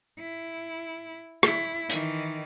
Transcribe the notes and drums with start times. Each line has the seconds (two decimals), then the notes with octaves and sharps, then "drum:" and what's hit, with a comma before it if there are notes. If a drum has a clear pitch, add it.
0.20 E4
1.43 E4, drum: rim click
1.90 D#3 E3, drum: hi-hat